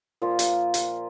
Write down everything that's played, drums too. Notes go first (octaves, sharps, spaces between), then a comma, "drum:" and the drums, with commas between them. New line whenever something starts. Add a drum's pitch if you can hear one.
A#2 F3 A#3 F4
drum: hi-hat
drum: hi-hat